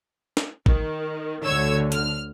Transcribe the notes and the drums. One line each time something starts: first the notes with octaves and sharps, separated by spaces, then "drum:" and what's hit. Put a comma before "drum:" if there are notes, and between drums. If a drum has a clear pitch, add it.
drum: snare
D#3, drum: kick
D2 D3 C#5 E6 G#6
F6, drum: hi-hat